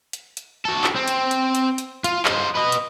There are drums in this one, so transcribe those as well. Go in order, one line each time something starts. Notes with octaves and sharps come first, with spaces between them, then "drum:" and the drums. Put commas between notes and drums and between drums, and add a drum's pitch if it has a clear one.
drum: hi-hat
drum: hi-hat
F#4 A4
drum: clap
C4
drum: hi-hat
drum: hi-hat
drum: hi-hat
drum: hi-hat
F4, drum: hi-hat
C5 D#5, drum: clap
B4 D#5
drum: hi-hat